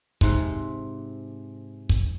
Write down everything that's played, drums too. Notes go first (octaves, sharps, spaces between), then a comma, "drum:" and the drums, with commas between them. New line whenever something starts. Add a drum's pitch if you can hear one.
G#2 C3, drum: kick
drum: kick